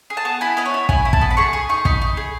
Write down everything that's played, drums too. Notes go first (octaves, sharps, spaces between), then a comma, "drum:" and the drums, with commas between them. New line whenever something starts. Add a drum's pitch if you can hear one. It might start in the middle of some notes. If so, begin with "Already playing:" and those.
G#4
A5
B3
E4 G#5
B3 D#5
C#5
E4
E4 G#5, drum: kick
E4
A5, drum: kick
B3
B5
G#4 C#6
G#4 D#6
D#4 C#6
D#4 B5, drum: kick
D#4
G#4